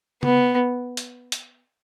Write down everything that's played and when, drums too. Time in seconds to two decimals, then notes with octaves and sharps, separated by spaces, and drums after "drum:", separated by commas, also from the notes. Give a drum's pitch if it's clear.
0.23 B3, drum: tom C#3
0.97 drum: hi-hat
1.32 drum: hi-hat